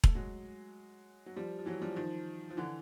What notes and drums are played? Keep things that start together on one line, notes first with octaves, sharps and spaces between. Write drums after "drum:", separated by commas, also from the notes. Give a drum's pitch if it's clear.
A3, drum: kick E1
F#3 G#3
F#3
F3 G3
F3
E3 F#3
F3 G3
D#3 F3
F3
D3 E3